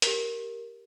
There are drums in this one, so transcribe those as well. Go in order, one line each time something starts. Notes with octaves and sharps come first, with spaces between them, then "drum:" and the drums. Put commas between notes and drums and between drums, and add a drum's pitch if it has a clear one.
G4 A#4, drum: hi-hat